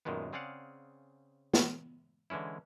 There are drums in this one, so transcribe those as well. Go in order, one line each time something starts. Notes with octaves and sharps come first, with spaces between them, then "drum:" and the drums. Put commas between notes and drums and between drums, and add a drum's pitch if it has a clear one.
F#2 A#2 D#3 G#3 B3
C#3 C4 G#4 D5 F5 F#5
drum: snare
D3 E3 G#3 C#4 E4